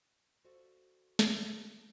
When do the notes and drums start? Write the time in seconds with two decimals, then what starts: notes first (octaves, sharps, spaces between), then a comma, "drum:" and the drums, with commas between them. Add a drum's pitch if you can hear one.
0.44 F#4 A4 C5 D5 F5
1.19 drum: snare